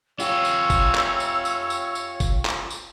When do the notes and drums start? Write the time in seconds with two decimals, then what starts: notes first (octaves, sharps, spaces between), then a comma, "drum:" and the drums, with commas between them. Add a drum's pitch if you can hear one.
0.20 F4 G4 C#5 E6, drum: tambourine
0.45 drum: tambourine
0.70 drum: kick, tambourine
0.95 drum: clap
1.20 drum: tambourine
1.45 drum: tambourine
1.70 drum: tambourine
1.95 drum: tambourine
2.20 drum: kick, tambourine
2.45 drum: clap
2.70 drum: tambourine